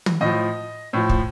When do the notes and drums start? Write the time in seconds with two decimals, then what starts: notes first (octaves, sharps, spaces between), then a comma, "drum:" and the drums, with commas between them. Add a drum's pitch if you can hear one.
0.06 drum: tom
0.21 A2 F3 D#5
0.93 A2 F3
1.09 drum: kick